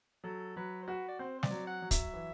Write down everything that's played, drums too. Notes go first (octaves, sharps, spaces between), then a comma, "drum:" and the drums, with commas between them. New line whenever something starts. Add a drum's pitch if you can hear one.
F#3 A4
F#3 B4
C5
F#4 B4
D5
C4 C5
C5
D5, drum: snare
F#3
F#5
F#3
E5, drum: kick, hi-hat
E3